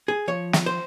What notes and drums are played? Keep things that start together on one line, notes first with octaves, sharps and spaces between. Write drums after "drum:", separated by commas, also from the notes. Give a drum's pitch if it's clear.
G#4
F3 C#5
drum: snare
C5